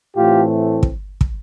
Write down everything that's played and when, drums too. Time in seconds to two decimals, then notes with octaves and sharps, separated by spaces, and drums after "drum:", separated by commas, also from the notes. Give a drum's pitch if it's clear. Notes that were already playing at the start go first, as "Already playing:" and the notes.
0.16 A2 E3 A3 C4 F4 G4
0.83 drum: kick
1.21 drum: kick